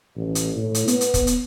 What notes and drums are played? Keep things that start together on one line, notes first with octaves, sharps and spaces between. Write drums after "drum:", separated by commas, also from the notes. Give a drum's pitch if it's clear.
A1
drum: hi-hat
A2
drum: hi-hat
B3, drum: hi-hat
drum: hi-hat
drum: kick, hi-hat
drum: hi-hat